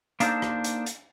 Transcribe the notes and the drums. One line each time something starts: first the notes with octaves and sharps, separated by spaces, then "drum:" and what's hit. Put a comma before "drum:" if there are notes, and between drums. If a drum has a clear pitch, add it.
A#3 D4 D#4 A4 C5, drum: hi-hat
drum: rim click
drum: hi-hat
drum: hi-hat